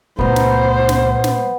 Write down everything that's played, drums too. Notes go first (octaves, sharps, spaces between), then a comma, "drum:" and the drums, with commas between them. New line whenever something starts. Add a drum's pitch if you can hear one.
C#2 A#2 A3 B3 C5 A#5
drum: snare
drum: snare
drum: snare